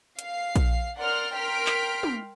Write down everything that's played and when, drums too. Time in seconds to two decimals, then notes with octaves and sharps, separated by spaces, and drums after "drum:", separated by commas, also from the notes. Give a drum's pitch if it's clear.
0.19 F5 C7, drum: hi-hat
0.56 drum: kick A#1, hi-hat
0.97 A#4 D5 F#5 C6 F6
1.33 A#4 G5 C6 F6 B6 D7
1.66 drum: clap
2.03 drum: tom